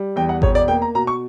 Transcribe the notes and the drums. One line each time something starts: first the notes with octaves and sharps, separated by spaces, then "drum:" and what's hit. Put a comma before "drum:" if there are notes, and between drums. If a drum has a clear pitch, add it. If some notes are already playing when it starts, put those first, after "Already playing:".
Already playing: G3
E2 G5
F#5
E1 C#5, drum: kick G#1
D5
A#3 G5
A#5
B2 A#5
C#6